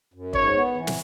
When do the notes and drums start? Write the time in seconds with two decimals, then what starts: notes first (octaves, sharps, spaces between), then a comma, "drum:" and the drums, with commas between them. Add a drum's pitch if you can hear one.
0.14 F#2
0.33 G#2 C#5, drum: kick
0.53 B3
0.74 E3
0.87 drum: snare